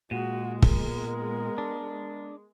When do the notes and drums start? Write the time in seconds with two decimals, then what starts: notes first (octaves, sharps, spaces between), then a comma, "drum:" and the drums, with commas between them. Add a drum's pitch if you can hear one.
0.11 A#2 G#3 F#4
0.62 B3 A#4, drum: kick
1.58 D4